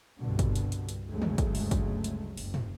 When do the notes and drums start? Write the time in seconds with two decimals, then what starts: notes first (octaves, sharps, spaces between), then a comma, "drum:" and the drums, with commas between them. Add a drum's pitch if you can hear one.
0.20 C2 G2 B2 D3
0.39 drum: kick, hi-hat
0.56 drum: hi-hat
0.72 drum: hi-hat
0.89 drum: hi-hat
1.09 G1 D2 C#3 F#3 G#3 A3
1.22 drum: tom
1.38 drum: kick, hi-hat
1.55 drum: open hi-hat
1.71 drum: kick, hi-hat
2.04 drum: hi-hat
2.37 F#1, drum: open hi-hat
2.54 drum: tom